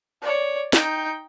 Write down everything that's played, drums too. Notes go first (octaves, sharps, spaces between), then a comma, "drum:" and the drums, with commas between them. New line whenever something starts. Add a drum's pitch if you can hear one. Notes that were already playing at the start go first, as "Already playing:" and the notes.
C#5 D5
D#4 G5, drum: snare